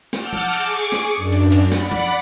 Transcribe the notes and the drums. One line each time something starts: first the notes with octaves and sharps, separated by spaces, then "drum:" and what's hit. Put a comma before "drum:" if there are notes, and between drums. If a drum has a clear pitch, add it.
F#5 A5 D6 E6 F6 G6, drum: snare
drum: tom F3
G#4 C#6 D6, drum: cymbal
drum: snare
F#2 D4
drum: cymbal
drum: cymbal
D5 F#5 B5, drum: snare
drum: tom F3